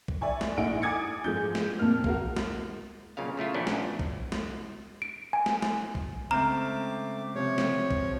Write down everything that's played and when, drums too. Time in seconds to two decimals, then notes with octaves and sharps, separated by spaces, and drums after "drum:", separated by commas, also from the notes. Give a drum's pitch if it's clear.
0.08 drum: kick A#1
0.21 D5 E5 G#5 C#6
0.41 drum: snare
0.57 A#1 D#4 E4 D#5 F#5 D7
0.82 G#5 D6 D#6 G#6 A6 C#7
1.24 G#2 F3 G6
1.55 drum: snare
1.79 F2 A#2 A#3 F6
2.04 F#4 A#4 F5, drum: kick A#1
2.37 drum: snare
3.17 B1 A#2 C#3 F5
3.37 C#3 A3 E4 F4
3.54 A#1 E2 A#2 E3 C#4 D4
3.67 drum: snare
3.99 drum: kick A#1
4.32 drum: snare
5.02 D7
5.33 G#5
5.46 drum: snare
5.62 drum: snare
5.95 drum: kick A#1
6.31 C#2 A3 C4 A#5 D6 F6 G6
7.35 C3 F3 C#5
7.58 drum: snare
7.91 drum: kick A#1